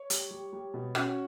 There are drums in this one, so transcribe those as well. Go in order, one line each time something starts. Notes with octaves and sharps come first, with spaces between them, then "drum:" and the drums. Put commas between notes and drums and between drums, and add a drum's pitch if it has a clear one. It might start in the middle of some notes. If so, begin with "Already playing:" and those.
Already playing: C#5
G3, drum: hi-hat
G3
G3
B2
C#4 F#4, drum: rim click